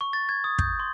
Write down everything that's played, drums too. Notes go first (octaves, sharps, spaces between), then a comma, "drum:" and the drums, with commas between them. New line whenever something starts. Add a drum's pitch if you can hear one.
C#6
A6
G#6
D#6
G6, drum: kick
C6